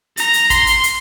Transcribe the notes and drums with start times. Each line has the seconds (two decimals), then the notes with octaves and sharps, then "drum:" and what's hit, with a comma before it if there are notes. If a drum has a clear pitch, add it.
0.17 A#5, drum: hi-hat
0.33 drum: hi-hat
0.50 C6, drum: kick, hi-hat
0.67 drum: hi-hat
0.84 drum: hi-hat